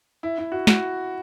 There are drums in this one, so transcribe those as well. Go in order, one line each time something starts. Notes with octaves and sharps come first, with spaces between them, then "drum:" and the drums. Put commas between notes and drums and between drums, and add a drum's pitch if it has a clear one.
E4
E4
F#4
F#4, drum: snare